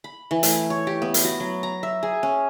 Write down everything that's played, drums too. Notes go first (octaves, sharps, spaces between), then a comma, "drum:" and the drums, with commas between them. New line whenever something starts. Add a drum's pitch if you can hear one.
B5
E3
A3, drum: hi-hat
C#5
G4
B3
drum: hi-hat
F#4
F#3
A#5
E5
G#4
C#4